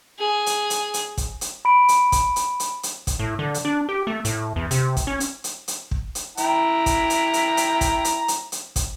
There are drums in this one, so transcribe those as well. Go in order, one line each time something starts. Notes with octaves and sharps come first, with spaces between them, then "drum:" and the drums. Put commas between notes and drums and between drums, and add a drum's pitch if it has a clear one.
G#4
drum: hi-hat
drum: hi-hat
drum: hi-hat
drum: kick, hi-hat
drum: hi-hat
B5 D7
drum: hi-hat
drum: kick, hi-hat
drum: hi-hat
drum: hi-hat
drum: hi-hat
drum: kick, hi-hat
A2
D3
drum: hi-hat
D4
G4
A3
A2, drum: hi-hat
E2
C3, drum: hi-hat
drum: kick, hi-hat
C#4
drum: hi-hat
drum: hi-hat
drum: hi-hat
drum: kick
drum: hi-hat
E4 G5 A#5, drum: hi-hat
drum: kick, hi-hat
drum: hi-hat
drum: hi-hat
drum: hi-hat
drum: kick, hi-hat
drum: hi-hat
drum: hi-hat
drum: hi-hat
drum: kick, hi-hat